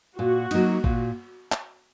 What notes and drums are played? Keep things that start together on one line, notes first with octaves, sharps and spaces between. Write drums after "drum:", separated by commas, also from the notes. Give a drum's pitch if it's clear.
A#2 F#4
F#3 A#3 D#4, drum: cymbal
A#2, drum: kick G#1
drum: clap